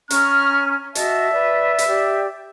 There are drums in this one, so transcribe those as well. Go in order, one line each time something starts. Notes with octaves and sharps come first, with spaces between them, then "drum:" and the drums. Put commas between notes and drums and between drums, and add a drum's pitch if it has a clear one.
C#4 A#5 C#6 F6, drum: hi-hat
F#4 D#5 E5 A5, drum: hi-hat
B4 D5
drum: hi-hat
G4 D5